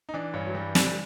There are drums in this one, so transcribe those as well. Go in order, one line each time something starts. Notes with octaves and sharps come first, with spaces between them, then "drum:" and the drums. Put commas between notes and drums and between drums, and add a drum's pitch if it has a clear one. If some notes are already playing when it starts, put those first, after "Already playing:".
D#4
E3 D4
G2 C#4
F#3
E3 G3
D3 G3, drum: snare